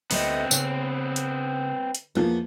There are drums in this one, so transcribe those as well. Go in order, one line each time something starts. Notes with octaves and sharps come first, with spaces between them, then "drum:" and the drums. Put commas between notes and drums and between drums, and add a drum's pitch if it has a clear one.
D2 A3 B3 C4 D#5, drum: open hi-hat
C#3, drum: tambourine
drum: hi-hat
drum: hi-hat
E2 F3 A#3 B3